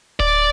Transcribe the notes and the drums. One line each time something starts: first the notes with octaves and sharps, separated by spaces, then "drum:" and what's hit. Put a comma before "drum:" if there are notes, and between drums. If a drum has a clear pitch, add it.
D5, drum: kick D1